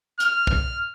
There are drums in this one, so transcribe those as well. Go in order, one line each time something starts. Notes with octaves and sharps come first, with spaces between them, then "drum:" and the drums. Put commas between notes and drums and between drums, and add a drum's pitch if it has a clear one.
F6, drum: hi-hat
drum: kick